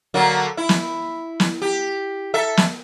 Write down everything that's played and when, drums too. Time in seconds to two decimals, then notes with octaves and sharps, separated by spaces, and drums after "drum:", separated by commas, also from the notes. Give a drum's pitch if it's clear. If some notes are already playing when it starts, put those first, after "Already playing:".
0.14 D3 F#3 A#3
0.57 E4
0.69 drum: snare
1.40 drum: snare
1.62 G4
2.34 A4 E5
2.57 drum: snare